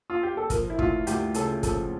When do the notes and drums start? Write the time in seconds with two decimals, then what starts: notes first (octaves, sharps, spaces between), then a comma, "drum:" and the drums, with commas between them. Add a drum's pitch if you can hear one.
0.10 F4
0.23 G4
0.37 A4
0.50 F3 A#4, drum: kick, hi-hat
0.70 E4
0.79 D2 F4, drum: kick
1.07 D2 G4, drum: hi-hat
1.34 C#3 A4, drum: hi-hat
1.63 F3 A4, drum: kick, hi-hat